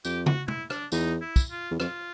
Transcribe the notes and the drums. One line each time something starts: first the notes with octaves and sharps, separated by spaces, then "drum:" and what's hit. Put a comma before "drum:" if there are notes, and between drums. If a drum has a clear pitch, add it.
F2 G4, drum: tambourine
F#4, drum: tom
E4, drum: tom
D4, drum: rim click
E2 D#4, drum: tambourine
E4
drum: kick, tambourine
F4
E2
F2 F4, drum: rim click